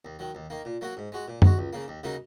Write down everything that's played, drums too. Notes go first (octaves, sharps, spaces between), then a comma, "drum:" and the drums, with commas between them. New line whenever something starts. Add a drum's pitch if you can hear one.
D#2
D#3 F#3
D#2
D#3 A#3
A#2
F#3 A#3 F#4
G#2
G#3 F#4
A#2
G#3 F#4, drum: tom F#2
C#2
C#3 A#3
D#2
C#3 F#3 A#3 D#4